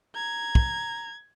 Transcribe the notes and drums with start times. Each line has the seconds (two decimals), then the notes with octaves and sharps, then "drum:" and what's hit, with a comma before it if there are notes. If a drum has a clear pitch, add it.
0.16 A#5 G#6
0.55 drum: kick